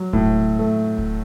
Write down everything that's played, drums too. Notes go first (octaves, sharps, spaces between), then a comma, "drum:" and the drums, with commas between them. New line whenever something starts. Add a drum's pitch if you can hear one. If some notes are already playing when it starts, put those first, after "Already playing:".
Already playing: F#3
A2, drum: kick D1
A3
drum: kick D1